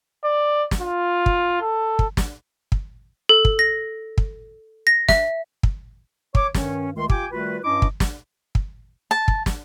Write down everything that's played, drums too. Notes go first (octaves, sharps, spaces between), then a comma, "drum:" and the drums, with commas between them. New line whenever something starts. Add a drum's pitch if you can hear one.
D5
drum: snare
F4
drum: kick
A4
drum: kick
drum: snare
drum: kick
A4
drum: kick
A#6
drum: kick
A#6
E5, drum: snare
drum: kick
C#5 D6, drum: kick
G2 D#3 C#4, drum: snare
C#2 D#3 A3 C6
F4 G4 G5 G#5 D6, drum: kick
D#3 G3 A3 F4 F#4 B4
G2 C#4 D4 E4 D#5 D6
drum: kick
drum: snare
drum: kick
A5
drum: kick
drum: snare